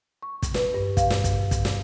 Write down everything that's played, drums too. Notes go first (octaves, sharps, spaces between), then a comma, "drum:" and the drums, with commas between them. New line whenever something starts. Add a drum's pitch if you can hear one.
C#6
drum: kick, hi-hat
B4, drum: snare
G2
F5, drum: kick, hi-hat
drum: snare
drum: kick, hi-hat
drum: kick, hi-hat
drum: snare